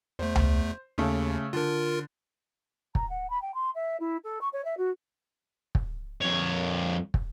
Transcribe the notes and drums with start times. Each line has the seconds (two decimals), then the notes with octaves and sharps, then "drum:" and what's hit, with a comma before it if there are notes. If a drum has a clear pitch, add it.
0.19 E2 A3 C5
0.35 drum: tom C#2
0.98 D#2 C#3 A3
1.53 D3 F4 A#4
2.95 A#5, drum: kick
3.09 F#5
3.30 B5
3.42 G5
3.54 C6
3.75 E5
4.00 E4
4.24 A4
4.41 C#6
4.53 C#5
4.64 E5
4.78 F#4
5.75 drum: kick
6.22 F2 C#5
7.14 drum: kick